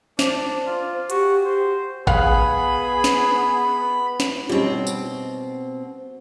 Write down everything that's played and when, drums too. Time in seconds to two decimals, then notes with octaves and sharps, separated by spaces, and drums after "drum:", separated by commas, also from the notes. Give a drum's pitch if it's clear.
0.19 D4 C5, drum: snare
0.67 F4
1.10 F#4 G4, drum: hi-hat
1.45 C5
2.07 B3 G#4 F5 F#5 B5, drum: kick A1
3.04 drum: snare
4.20 drum: snare
4.49 B2 G3 C4 C#4 D#4
4.87 drum: tambourine